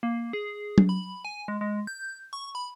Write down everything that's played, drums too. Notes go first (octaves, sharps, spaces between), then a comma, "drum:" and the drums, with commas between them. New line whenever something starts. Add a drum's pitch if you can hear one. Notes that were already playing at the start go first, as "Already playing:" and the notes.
A#3
G#4
drum: tom F#3
B5
G#5
G#3
G#3
G6
C#6
B5